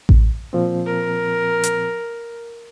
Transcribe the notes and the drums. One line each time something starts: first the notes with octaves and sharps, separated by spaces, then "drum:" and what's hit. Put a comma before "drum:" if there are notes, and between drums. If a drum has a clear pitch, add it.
drum: kick A1
A#2 F3 C4
A#4
drum: hi-hat